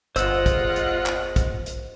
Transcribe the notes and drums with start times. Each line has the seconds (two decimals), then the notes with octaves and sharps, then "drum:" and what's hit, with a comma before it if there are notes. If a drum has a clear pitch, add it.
0.16 G1 E2 F4 C5 D#5 F#5 E6, drum: hi-hat
0.46 drum: kick, hi-hat
0.76 drum: hi-hat
1.06 drum: clap
1.36 drum: kick, hi-hat
1.66 drum: hi-hat